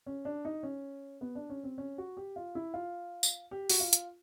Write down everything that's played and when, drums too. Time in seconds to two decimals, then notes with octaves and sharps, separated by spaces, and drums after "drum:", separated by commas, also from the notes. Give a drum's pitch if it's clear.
0.06 C#4
0.25 D4
0.45 D#4
0.63 C#4
1.21 B3
1.35 D4
1.50 C#4
1.64 C4
1.78 C#4
1.98 F#4
2.17 G4
2.36 F4
2.55 E4
2.74 F4
3.23 drum: tambourine
3.51 G4
3.70 F#4, drum: open hi-hat
3.80 F4
3.93 drum: hi-hat